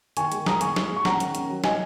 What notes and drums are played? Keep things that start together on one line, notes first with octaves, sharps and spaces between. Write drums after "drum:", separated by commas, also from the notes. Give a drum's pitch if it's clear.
D#3 G#5 C#6, drum: hi-hat
G#3, drum: hi-hat
G#3 A#5 D#6, drum: snare
G#3 G#5 C#6, drum: hi-hat
G#3, drum: snare
G#3
C#6
C#4 F#5 A#5, drum: snare
D#3, drum: hi-hat
C#4, drum: hi-hat
F#3
F#3 D#5 G#5, drum: snare